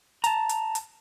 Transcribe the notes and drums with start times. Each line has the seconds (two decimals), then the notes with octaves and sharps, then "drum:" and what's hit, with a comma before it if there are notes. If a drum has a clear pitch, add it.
0.24 A5 A#5, drum: hi-hat
0.49 drum: hi-hat
0.75 drum: hi-hat